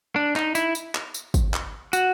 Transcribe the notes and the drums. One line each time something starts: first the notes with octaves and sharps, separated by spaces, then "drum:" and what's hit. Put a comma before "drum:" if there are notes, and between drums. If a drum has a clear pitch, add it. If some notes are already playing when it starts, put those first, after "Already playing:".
D4
D#4, drum: clap
E4, drum: tambourine
drum: tambourine
drum: clap
drum: tambourine
drum: kick, tambourine
drum: clap
F#4, drum: tambourine